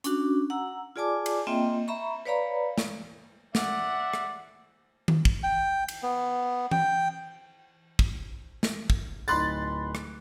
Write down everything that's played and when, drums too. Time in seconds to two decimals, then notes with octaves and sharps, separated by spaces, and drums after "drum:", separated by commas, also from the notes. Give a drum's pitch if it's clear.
0.04 C#4 D4 F#4, drum: hi-hat
0.50 F#5 A#5 E6
0.96 F4 G#4 D5 G#5 A5 D6
1.26 drum: cymbal
1.47 A#3 C4 F4 D#5 E5 G5
1.88 E5 A#5 B5 C#6
2.25 B4 C#5 D5 F5 A#5 B5
2.78 drum: snare
3.55 D5 E5 F#5, drum: snare
4.14 drum: rim click
5.08 drum: tom D#3
5.25 drum: kick
5.43 G5
5.88 drum: cymbal
6.03 B3
6.71 G5, drum: tom E3
7.99 drum: kick
8.63 drum: snare
8.90 drum: kick
9.28 D1 D#4 B5 C6 F#6 A6, drum: tambourine
9.95 drum: rim click